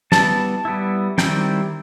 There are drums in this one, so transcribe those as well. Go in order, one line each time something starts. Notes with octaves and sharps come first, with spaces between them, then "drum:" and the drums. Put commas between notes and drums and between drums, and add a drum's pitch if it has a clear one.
G3 B3 E4 A5, drum: snare
G3 B3 E4
D#3 G3 C4 E4 G5, drum: snare